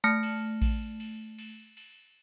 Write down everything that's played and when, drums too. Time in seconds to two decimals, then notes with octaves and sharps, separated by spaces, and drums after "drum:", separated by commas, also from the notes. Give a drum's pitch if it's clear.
0.04 A3 A5 F6 A#6 C#7
0.23 drum: cymbal
0.62 drum: kick A1, cymbal
1.00 drum: cymbal
1.38 drum: cymbal
1.77 drum: cymbal